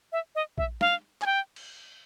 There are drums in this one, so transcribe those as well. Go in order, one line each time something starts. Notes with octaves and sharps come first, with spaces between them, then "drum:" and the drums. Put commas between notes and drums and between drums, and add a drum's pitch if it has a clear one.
E5
D#5
E5, drum: kick A#1
F5, drum: snare
G#5, drum: clap
G5
drum: cymbal